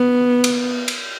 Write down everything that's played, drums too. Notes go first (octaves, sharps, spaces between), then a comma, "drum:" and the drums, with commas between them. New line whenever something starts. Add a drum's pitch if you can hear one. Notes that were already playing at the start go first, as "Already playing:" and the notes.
Already playing: B3
drum: cymbal
drum: cymbal